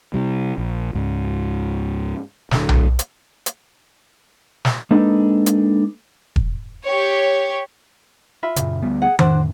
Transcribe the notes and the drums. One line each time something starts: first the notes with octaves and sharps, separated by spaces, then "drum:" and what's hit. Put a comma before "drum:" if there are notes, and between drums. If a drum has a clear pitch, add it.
C3 G3
A#1
C#2 G#2
D1 D3, drum: snare
drum: tom B1
drum: hi-hat
drum: hi-hat
drum: snare
G#3 A#3 D4 D#4 A4 B4
drum: hi-hat
drum: kick E1
G4 C#5
F4 E5 B5
F#2 A#2 C#3, drum: hi-hat
D2 G3 B3
G#4 F#5
F2 A2 D4 F#4 C5, drum: tom D#3